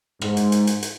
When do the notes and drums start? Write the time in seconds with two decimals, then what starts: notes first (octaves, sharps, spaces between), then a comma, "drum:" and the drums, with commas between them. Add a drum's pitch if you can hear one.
0.21 G#2, drum: rim click
0.37 drum: hi-hat
0.52 drum: hi-hat
0.67 drum: hi-hat
0.83 drum: hi-hat